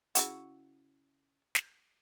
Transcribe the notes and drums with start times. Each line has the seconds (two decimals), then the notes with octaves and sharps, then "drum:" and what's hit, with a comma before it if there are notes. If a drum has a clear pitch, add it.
0.15 C#3 E4 F#4, drum: hi-hat
1.55 drum: snare